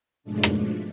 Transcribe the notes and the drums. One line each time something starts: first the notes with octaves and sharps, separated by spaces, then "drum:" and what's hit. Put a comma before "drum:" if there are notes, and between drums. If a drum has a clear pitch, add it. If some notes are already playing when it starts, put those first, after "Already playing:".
G#2 B2 F3 G#3 A3 D4
drum: rim click